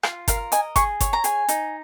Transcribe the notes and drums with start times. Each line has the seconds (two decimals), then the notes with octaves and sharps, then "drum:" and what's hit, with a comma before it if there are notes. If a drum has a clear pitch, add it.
0.03 F4 F5, drum: rim click
0.28 A#4 F5, drum: kick G1, hi-hat
0.52 D#5 G#5, drum: hi-hat
0.76 G#4 C#6, drum: kick G1, hi-hat
1.00 C#5, drum: kick G1, hi-hat
1.13 A#5
1.24 G#4 G#5, drum: hi-hat
1.48 D#4, drum: hi-hat